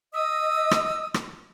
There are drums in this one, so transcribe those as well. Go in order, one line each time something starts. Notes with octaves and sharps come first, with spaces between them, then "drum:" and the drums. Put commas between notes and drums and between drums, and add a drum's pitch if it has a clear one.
D#5 D#6 E6
drum: rim click
drum: rim click